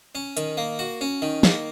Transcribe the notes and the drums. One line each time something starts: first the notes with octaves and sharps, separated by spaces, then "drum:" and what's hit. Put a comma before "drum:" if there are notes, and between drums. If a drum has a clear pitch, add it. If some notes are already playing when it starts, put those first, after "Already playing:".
C#4
D#3, drum: hi-hat
A#3
F#4
C#4
D#3
A#3, drum: snare